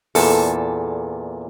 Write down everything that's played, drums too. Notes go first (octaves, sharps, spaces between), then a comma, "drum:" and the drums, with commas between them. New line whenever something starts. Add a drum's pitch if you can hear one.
E2 A#2 A4, drum: open hi-hat